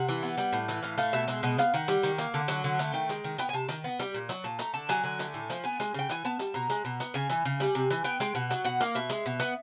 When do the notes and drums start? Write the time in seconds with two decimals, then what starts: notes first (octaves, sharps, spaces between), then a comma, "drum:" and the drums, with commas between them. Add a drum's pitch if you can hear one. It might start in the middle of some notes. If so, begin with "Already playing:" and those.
Already playing: C3 F#5
0.09 E3
0.23 B3
0.38 G3, drum: hi-hat
0.53 A2
0.68 E3, drum: hi-hat
0.83 A2 F5
0.98 A3 F5, drum: hi-hat
1.13 B2 E5
1.28 G#3, drum: hi-hat
1.43 B2 D#5
1.58 B3 F5, drum: hi-hat
1.74 D#3 F#5
1.88 G3, drum: hi-hat
2.03 D#3
2.18 A#3, drum: hi-hat
2.34 D3
2.48 F#3, drum: hi-hat
2.64 D3
2.79 A3, drum: hi-hat
2.94 D#3 G5
3.09 G#3, drum: hi-hat
3.24 D#3
3.38 B3 G5, drum: hi-hat
3.49 G#5
3.53 C3 A5
3.69 D#3, drum: hi-hat
3.84 B3
4.00 G3, drum: hi-hat
4.14 A#2
4.29 F#3, drum: hi-hat
4.44 A#2 A5
4.59 A3 A#5, drum: hi-hat
4.74 D3 A5
4.89 F#3 G#5, drum: hi-hat
5.04 D3 G#5
5.19 A3, drum: hi-hat
5.34 A2
5.50 F3, drum: hi-hat
5.64 B3 G#5
5.80 G#3, drum: hi-hat
5.94 C#3 G5
6.09 E3 G#5, drum: hi-hat
6.25 B3 A5
6.39 G3, drum: hi-hat
6.54 B2 A#5
6.70 G#3, drum: hi-hat
6.85 B2
7.00 B3, drum: hi-hat
7.14 C#3 G#5
7.30 E3, drum: hi-hat
7.45 C#3
7.60 G3, drum: hi-hat
7.75 C3
7.90 E3, drum: hi-hat
8.04 B3 G5
8.20 G#3, drum: hi-hat
8.35 B2 F#5
8.51 F#3, drum: hi-hat
8.64 B2 F#5
8.81 A#3, drum: hi-hat
8.95 B2 E5
9.10 G#3, drum: hi-hat
9.26 B2
9.40 B3, drum: hi-hat